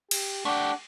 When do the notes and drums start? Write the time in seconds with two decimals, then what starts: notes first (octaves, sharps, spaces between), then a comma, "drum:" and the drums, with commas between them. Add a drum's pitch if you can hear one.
0.11 G4, drum: cymbal
0.45 A3 D4 G4 F#5